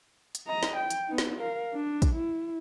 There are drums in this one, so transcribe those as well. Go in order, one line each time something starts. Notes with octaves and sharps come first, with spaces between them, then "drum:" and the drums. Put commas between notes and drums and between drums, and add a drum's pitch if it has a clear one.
drum: hi-hat
D#5 A#5
drum: snare
G5
drum: hi-hat
B3 D#4
drum: snare
A#4 F5
D4
drum: kick, hi-hat
E4